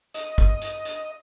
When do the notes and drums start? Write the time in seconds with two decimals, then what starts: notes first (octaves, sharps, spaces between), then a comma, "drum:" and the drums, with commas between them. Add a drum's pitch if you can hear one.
0.14 D#5, drum: hi-hat
0.38 drum: kick
0.62 drum: hi-hat
0.85 drum: hi-hat